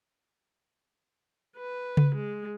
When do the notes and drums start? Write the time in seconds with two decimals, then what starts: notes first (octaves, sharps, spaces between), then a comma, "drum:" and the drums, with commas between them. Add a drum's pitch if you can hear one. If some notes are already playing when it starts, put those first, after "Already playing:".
1.58 B4
1.97 drum: tom C#3
2.15 G#3